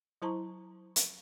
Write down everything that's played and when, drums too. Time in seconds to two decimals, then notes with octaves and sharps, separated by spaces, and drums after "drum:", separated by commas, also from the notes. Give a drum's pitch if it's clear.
0.22 F#3 E4 C5 A5 A#5 C#6
0.96 drum: hi-hat